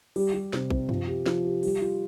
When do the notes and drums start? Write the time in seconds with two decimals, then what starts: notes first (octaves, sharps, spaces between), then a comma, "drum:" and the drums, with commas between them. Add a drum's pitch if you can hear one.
0.16 G3, drum: open hi-hat
0.34 G3
0.53 C3, drum: snare
0.70 C3, drum: kick
0.89 F3, drum: tom F#2
1.07 G4
1.26 F3, drum: snare
1.45 G4
1.63 G3, drum: open hi-hat
1.81 F4